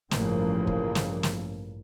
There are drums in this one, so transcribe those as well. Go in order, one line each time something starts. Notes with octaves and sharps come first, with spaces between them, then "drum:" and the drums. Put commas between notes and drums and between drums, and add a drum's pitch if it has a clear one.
A1 G2 C#3 F3 A#3, drum: snare
drum: kick
drum: snare
drum: snare